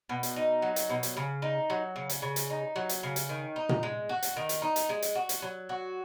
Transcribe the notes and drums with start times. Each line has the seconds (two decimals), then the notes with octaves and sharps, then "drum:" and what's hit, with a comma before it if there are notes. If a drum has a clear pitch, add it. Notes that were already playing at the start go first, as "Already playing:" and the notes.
0.09 B2
0.23 drum: hi-hat
0.36 D#4
0.62 F#3
0.76 drum: hi-hat
0.89 B2
1.03 drum: hi-hat
1.17 C#3
1.42 D#4
1.70 F#3
1.96 C#3
2.09 drum: hi-hat
2.22 C#3
2.36 drum: hi-hat
2.50 D#4
2.76 F#3
2.89 drum: hi-hat
3.03 C#3
3.16 drum: hi-hat
3.29 D#3
3.56 D#4
3.69 drum: tom A#2
3.83 G#3
4.09 F#4
4.23 drum: hi-hat
4.36 D#3
4.49 drum: hi-hat
4.62 D#4
4.76 drum: hi-hat
4.89 G#3
5.02 drum: hi-hat
5.15 F#4
5.29 drum: hi-hat
5.42 F#3
5.69 F#4